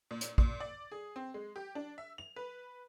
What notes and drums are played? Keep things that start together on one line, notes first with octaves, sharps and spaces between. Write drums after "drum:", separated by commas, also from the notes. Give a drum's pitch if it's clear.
A#2
drum: hi-hat
A#2, drum: kick
D5
G#4
C4
G#3
G4
D4
E5
F7
B4